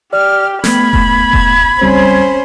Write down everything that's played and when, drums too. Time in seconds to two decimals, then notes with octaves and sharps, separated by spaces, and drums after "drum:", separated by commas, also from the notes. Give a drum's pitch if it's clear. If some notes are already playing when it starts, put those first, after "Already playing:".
0.13 G4 D5 F6
0.64 A3 B3 B5 G#6, drum: snare
0.93 drum: kick F1
1.33 drum: kick F1
1.82 C#2 G3 C4 C#4 C5